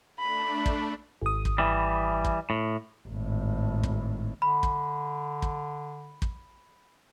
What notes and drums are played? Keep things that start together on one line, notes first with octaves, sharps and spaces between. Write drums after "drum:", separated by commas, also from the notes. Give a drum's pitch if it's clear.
A3 D4 B5
drum: kick
G#1 D#6
drum: kick
E3 G3
drum: kick
A2
G#1 A2
drum: kick
D3 B5
drum: kick
drum: kick
drum: kick